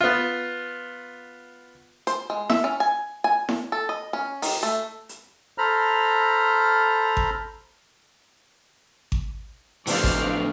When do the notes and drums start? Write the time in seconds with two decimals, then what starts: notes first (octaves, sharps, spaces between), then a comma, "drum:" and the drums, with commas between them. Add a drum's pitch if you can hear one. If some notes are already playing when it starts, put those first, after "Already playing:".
0.01 B3 F4
2.07 C5, drum: hi-hat
2.30 G#3
2.50 E5, drum: snare E4
2.64 C#4
2.80 G#5
3.24 G#5
3.49 drum: snare E4
3.72 A4
3.89 D#5
4.13 C#4
4.42 D#3, drum: open hi-hat
4.63 A3
5.09 drum: hi-hat
5.58 A4 C5 A#5 B5 F6
7.17 drum: kick G#1
9.12 drum: kick G#1
9.87 F2 A2 D3 B3 D4 C5 D5 F5, drum: open hi-hat
10.03 drum: kick G#1